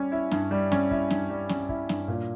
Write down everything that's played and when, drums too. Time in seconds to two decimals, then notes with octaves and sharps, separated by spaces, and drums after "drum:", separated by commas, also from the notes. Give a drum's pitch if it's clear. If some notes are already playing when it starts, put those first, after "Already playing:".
Already playing: G3 C#4
0.12 E4
0.31 G2, drum: snare
0.51 G3
0.72 C#4, drum: snare
0.91 E4, drum: kick
1.10 G2, drum: snare
1.30 G3
1.49 C#4, drum: snare
1.69 E4, drum: kick
1.89 G2, drum: snare
2.08 A#2